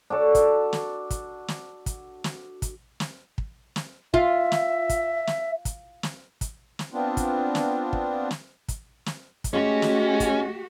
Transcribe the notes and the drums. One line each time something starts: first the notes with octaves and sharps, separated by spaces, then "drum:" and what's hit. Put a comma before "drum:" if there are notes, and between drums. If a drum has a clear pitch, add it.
D4 F#4 A4
drum: kick, hi-hat
drum: snare
drum: kick, hi-hat
drum: snare
drum: kick, hi-hat
drum: snare
drum: kick, hi-hat
drum: snare
drum: kick
drum: snare
F4 E5, drum: kick
drum: snare
drum: kick, hi-hat
drum: snare
drum: kick, hi-hat
drum: snare
drum: kick, hi-hat
drum: snare
B3 C4 D4 F4
drum: kick, hi-hat
drum: snare
drum: kick
drum: snare
drum: kick, hi-hat
drum: snare
drum: kick, hi-hat
G#3 A3 C#4 F#4 G4
drum: snare
drum: kick, hi-hat